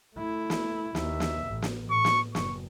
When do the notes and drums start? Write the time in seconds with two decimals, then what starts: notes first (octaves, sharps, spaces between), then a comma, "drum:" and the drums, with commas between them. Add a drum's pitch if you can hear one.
0.16 A3 E4
0.50 drum: snare
0.95 D#2 E5, drum: snare
1.20 drum: snare
1.47 A1
1.62 drum: snare
1.91 A2 C#6
2.05 drum: snare
2.35 F#1 C#6, drum: snare